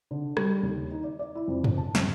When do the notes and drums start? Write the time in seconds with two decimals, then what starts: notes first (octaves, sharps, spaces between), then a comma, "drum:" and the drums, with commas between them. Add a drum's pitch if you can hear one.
0.11 D3
0.37 G3, drum: rim click
0.63 D#2
0.91 D#4
1.04 D5
1.19 D5
1.35 E4
1.48 F2
1.64 drum: tom F#2
1.77 A5
1.95 D#1, drum: snare